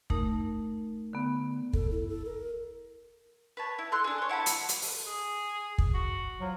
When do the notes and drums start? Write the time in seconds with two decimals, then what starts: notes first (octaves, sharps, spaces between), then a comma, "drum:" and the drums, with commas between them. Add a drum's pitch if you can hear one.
0.10 A3 D#4 A#4, drum: kick
1.13 D3 B3
1.73 A4, drum: kick
1.91 E4
2.09 A4
2.25 A#4
3.57 B4 C#5 A5
3.79 E4
3.92 A4 C6 F#6
4.04 D4 G#4
4.18 C#5 C6
4.29 E4 F#5 A5 B5
4.46 drum: hi-hat
4.69 drum: hi-hat
4.82 drum: open hi-hat
5.06 G#4
5.78 drum: kick
5.94 F#4
6.41 F3 F#3